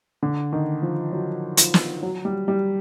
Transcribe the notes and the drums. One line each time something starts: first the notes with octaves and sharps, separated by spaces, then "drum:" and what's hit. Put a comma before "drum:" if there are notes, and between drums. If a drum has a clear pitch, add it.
D3
D#3
F3
F#3
F3, drum: hi-hat
drum: snare
F#3
G3
G3